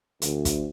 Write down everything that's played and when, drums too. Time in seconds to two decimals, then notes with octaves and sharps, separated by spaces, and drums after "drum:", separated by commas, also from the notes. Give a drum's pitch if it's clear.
0.22 D2, drum: hi-hat
0.45 drum: kick, hi-hat